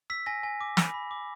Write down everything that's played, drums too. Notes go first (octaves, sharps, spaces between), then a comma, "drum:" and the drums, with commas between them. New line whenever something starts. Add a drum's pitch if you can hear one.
E6 B6
G#5 A#6
G#5
D6
B5, drum: snare
B5
D6